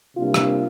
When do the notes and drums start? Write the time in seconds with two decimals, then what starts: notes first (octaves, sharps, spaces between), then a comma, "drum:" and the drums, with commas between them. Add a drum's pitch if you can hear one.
0.17 C3 G3 A#3 D4 F4
0.34 drum: rim click